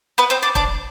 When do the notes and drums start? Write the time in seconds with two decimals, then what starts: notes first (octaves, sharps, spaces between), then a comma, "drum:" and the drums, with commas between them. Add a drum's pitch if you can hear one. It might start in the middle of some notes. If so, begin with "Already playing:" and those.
0.18 B3 B4
0.30 C4 C5
0.43 D4 D5
0.55 D4 D5, drum: kick